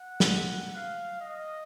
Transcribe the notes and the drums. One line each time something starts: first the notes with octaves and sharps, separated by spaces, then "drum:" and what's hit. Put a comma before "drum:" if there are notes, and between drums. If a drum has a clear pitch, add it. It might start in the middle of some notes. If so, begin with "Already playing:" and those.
Already playing: F#5
drum: snare
F5
D#5